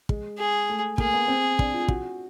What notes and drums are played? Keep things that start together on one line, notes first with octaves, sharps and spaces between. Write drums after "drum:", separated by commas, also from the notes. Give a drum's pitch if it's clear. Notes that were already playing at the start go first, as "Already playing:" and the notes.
G#3, drum: kick
G#4
A3
A#3 G#4, drum: kick
B3
C4
D4, drum: kick
F4
F#4, drum: kick